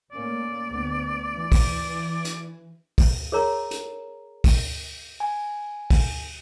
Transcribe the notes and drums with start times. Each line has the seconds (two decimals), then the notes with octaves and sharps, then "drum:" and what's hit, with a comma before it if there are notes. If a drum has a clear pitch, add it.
0.12 A2 A#3 C#4 D5
0.70 D2 B3
1.34 E3
1.52 drum: kick, open hi-hat
1.88 E3
2.25 drum: hi-hat
2.98 drum: kick, open hi-hat
3.32 G#4 A#4 C#5 A#5
3.71 drum: hi-hat
4.44 drum: kick, open hi-hat
5.20 G#5
5.90 drum: kick, open hi-hat